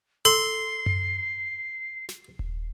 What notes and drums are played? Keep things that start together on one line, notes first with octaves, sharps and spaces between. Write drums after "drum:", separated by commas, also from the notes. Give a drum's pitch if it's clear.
A4 C6 C7
drum: tom F#2
drum: snare
drum: kick D#1